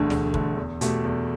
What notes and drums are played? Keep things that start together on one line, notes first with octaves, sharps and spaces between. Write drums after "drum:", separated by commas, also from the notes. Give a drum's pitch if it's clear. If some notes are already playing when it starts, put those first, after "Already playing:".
Already playing: E1 D2 D3 A3
E1, drum: snare
D2 D3 A3, drum: kick
E2
B2 A3 G4, drum: hi-hat
E2